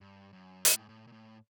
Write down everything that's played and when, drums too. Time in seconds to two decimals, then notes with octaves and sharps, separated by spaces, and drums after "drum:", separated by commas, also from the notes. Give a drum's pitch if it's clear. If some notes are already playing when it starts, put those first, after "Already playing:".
0.01 G2
0.33 F#2
0.65 A2, drum: hi-hat
0.78 G#2
0.89 A2
1.07 A#2
1.12 A2